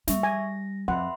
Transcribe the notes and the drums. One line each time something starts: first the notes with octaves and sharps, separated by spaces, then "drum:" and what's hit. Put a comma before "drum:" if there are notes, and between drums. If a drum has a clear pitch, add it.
G3 E5 C#6, drum: snare
G#5 A#6
F2 E5 F#5 B5 C6